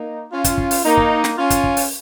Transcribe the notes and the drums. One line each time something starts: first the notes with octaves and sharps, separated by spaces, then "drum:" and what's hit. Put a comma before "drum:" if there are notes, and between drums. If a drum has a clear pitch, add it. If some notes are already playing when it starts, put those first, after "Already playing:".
Already playing: A#3 D#4
C#4 F4
drum: kick, hi-hat
drum: kick
drum: open hi-hat
A#3 D#4
drum: kick
drum: snare
C#4 F4
drum: kick, hi-hat
drum: kick
drum: open hi-hat